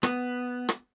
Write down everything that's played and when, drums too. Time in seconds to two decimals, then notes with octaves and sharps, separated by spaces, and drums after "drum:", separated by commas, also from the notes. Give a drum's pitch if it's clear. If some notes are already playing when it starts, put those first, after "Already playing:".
0.03 B3, drum: rim click
0.69 drum: rim click